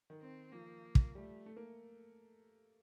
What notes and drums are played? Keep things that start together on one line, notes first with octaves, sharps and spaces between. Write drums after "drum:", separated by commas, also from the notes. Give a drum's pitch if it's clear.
D#3
C4
F3 A#3
drum: kick
G3 A3
A3
A#3